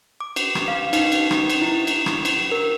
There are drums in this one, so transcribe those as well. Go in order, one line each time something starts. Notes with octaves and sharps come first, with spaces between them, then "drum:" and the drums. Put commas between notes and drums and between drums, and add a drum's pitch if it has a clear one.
D6
drum: cymbal
drum: rim click
F5
D#4, drum: cymbal
drum: cymbal
drum: rim click
drum: cymbal
E4
drum: cymbal
drum: rim click
drum: cymbal
A#4